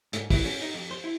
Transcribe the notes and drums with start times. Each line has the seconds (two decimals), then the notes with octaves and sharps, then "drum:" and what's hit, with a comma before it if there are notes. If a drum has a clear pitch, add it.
0.13 G#2, drum: hi-hat
0.30 E3, drum: kick, open hi-hat
0.45 C#4
0.62 D#4
0.74 F2
0.91 C5
1.04 E4